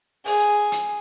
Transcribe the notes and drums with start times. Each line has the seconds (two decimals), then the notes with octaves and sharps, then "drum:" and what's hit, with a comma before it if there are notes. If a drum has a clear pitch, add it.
0.26 G#4, drum: open hi-hat
0.72 drum: hi-hat